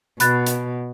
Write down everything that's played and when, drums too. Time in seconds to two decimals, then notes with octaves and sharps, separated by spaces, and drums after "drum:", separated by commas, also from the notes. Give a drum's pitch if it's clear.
0.20 B2 B5 F#6 A6, drum: hi-hat
0.47 drum: hi-hat